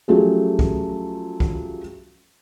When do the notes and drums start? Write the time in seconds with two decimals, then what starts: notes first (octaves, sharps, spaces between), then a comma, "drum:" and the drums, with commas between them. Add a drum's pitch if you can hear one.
0.08 F3 F#3 A3 C#4 G4 G#4
0.59 drum: kick C2
1.40 drum: kick C2